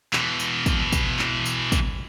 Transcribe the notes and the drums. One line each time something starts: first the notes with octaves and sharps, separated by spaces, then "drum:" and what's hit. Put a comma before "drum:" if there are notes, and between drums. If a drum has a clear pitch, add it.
B2 E3, drum: clap
drum: tambourine
drum: kick, tambourine
drum: kick, tambourine
drum: clap
drum: tambourine
drum: kick, tambourine